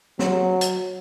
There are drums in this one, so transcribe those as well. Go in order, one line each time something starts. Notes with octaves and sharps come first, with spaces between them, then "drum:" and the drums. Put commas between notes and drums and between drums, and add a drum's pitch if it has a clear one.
F#3, drum: snare
drum: hi-hat